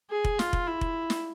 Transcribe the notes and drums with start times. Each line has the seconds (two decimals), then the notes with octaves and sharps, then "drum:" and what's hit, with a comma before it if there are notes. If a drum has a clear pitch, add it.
0.10 G#4
0.25 drum: kick F1
0.39 F4, drum: snare
0.53 drum: kick F1
0.67 E4
0.81 drum: kick F1
1.10 drum: snare